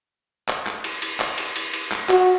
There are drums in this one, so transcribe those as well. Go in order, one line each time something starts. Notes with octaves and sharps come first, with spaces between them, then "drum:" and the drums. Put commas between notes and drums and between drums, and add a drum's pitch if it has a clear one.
drum: clap
drum: clap
drum: cymbal
drum: cymbal
drum: clap
drum: cymbal
drum: cymbal
drum: cymbal
drum: clap
F#4, drum: clap